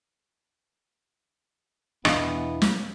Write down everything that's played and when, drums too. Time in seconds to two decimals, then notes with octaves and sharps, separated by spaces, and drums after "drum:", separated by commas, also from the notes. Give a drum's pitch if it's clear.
2.05 E2 B2 E3 B3 D4 D#5 F5, drum: rim click
2.62 drum: snare